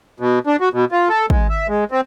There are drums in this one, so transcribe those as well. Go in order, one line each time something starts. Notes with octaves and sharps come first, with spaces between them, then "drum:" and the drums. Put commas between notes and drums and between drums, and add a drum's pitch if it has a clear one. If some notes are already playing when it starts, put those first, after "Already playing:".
B2
D4
F#4
B2
F4
A4
G#3, drum: kick
E5
G#3
C4